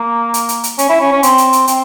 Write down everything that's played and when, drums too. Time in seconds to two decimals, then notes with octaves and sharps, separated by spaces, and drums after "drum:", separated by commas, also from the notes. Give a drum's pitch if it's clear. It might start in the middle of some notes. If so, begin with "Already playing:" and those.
Already playing: A#3
0.34 drum: hi-hat
0.49 drum: hi-hat
0.64 drum: hi-hat
0.78 C#4, drum: hi-hat
0.89 E4
1.01 C#4
1.12 C#4
1.23 C4, drum: hi-hat
1.38 drum: hi-hat
1.53 drum: hi-hat
1.67 C4, drum: hi-hat